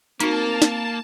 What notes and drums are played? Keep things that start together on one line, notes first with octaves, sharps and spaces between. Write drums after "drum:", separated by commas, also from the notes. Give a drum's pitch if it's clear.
A#3 C4 D#4 F#4 A#4 A5, drum: hi-hat
drum: snare